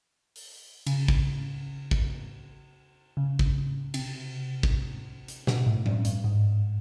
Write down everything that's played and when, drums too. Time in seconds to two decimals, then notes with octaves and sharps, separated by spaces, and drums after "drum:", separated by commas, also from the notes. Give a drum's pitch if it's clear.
0.36 drum: open hi-hat
0.86 C#3, drum: cymbal
1.08 drum: kick
1.91 drum: kick
3.17 C#3
3.39 drum: kick
3.94 C3, drum: cymbal
4.63 drum: kick
5.28 drum: hi-hat
5.47 B2, drum: snare
5.66 A2
5.86 G2, drum: tom F3
6.05 G2, drum: hi-hat
6.24 G#2